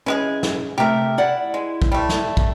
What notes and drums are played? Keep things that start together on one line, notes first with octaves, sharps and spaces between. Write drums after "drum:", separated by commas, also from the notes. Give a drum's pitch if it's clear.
E3 G#3 C#4 G#4
drum: snare
C3 A3 G4 A#4 E5
E4 D5 F#5
G#3
drum: kick
G3 A3
drum: snare
drum: kick